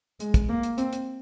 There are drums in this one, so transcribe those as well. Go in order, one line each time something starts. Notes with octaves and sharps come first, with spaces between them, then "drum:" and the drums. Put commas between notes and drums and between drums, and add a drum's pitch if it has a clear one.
G#3, drum: hi-hat
drum: kick, hi-hat
A#3
drum: hi-hat
C4, drum: hi-hat
drum: hi-hat